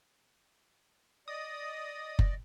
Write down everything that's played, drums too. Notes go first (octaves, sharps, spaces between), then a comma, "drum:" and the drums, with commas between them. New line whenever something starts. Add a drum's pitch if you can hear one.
D5 D#5 D#6
drum: kick F#1